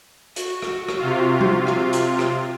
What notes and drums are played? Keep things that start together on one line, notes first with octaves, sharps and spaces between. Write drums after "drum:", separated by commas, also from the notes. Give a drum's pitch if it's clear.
F#4, drum: hi-hat
drum: rim click
drum: rim click
C3 F4
drum: tom G3
drum: rim click
drum: hi-hat
drum: rim click